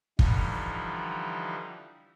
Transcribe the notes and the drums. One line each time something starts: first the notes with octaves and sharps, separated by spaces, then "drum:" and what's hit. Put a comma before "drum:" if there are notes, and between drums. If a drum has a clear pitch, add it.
D3 E3 F3 G3 D#4, drum: kick